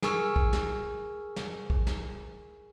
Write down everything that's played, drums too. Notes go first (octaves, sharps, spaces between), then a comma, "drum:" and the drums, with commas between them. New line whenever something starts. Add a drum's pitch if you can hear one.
G#4 A#4 G#5 C#6 E6, drum: snare
drum: kick
drum: snare
drum: snare
drum: kick
drum: snare